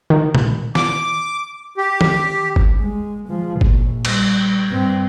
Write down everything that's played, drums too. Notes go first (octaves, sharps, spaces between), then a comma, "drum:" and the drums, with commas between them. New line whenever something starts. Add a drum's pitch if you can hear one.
D#3
drum: tom A#2
D6, drum: snare
G4
drum: tom D#3
drum: kick G1
G#3
F3 G#3
A#1, drum: kick G1
G3, drum: cymbal
G2 C4